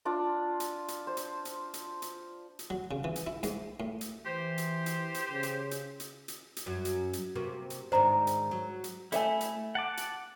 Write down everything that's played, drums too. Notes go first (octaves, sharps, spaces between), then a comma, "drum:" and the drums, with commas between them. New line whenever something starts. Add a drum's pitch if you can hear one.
D4 F4 D5
drum: hi-hat
drum: hi-hat
C5
drum: hi-hat
drum: hi-hat
drum: hi-hat
drum: hi-hat
drum: hi-hat
F#3
C#3
E3
drum: hi-hat
E4
G#2, drum: hi-hat
A2
drum: hi-hat
E3 G4 C5
drum: hi-hat
drum: hi-hat
drum: hi-hat
C#3
drum: hi-hat
drum: hi-hat
drum: hi-hat
drum: hi-hat
drum: hi-hat
F#2 F#3
drum: hi-hat
drum: hi-hat
C3 A#3 F#4
drum: hi-hat
G#2 D#3 D4 C5 A#5
drum: hi-hat
F#3
drum: hi-hat
A3 E4 A4 E5 G#5, drum: hi-hat
drum: hi-hat
F#5 A5 D6
drum: hi-hat